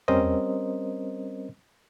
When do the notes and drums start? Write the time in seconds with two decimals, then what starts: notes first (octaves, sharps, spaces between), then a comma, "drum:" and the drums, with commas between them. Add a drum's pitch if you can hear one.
0.08 G3 C4 C#4 A#4 C5 D#5, drum: tom E2